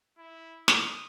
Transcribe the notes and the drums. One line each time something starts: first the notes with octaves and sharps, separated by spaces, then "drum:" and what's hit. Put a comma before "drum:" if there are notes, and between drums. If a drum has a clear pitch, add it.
E4
D#6, drum: snare